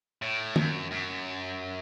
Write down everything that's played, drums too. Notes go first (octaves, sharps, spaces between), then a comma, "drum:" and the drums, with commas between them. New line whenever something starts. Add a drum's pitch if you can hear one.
A2
F#2, drum: tom
F#2